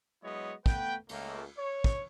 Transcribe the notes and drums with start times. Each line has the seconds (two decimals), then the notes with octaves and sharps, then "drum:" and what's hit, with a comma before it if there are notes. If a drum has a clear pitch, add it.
0.23 F#3 G#3 B3 E4 C#5 D#5
0.66 A3 B3 B4 G5, drum: kick
1.09 C#2 A3 A#3, drum: cymbal
1.58 C#5
1.84 drum: kick